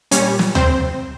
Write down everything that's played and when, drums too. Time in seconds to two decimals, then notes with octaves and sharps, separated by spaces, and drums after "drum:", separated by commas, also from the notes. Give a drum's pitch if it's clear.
0.11 A#2 G3 C#4 C#5, drum: hi-hat
0.39 drum: snare
0.55 C4 C5, drum: tom D2